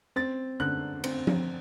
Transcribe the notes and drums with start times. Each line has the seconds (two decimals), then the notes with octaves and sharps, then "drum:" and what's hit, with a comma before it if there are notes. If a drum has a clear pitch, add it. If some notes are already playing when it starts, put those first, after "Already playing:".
0.16 C4 A6
0.60 D3 F#6
1.04 C4, drum: cymbal
1.27 drum: tom F3